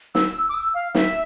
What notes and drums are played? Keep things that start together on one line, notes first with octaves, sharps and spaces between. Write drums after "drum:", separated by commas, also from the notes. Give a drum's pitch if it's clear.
E6, drum: snare
D6
E6
F5
E5, drum: snare